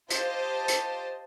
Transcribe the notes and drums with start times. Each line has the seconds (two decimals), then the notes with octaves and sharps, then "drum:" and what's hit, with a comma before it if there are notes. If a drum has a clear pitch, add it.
0.10 F4 G4 C5 D#5 A5, drum: hi-hat
0.68 drum: hi-hat